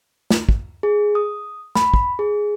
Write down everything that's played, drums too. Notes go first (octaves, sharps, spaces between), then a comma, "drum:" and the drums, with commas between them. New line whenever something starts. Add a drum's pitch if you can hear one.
drum: snare
drum: kick
G#4
D#6
B5, drum: snare
drum: kick
G#4